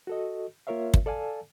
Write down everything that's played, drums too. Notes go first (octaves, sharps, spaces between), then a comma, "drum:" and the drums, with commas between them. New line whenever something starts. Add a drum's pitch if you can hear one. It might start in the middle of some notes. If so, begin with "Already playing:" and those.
F#4 A4 D#5
A#3 F4 A#4 C#5 E5 F5
drum: kick
A4 D5 F5 G#5 A5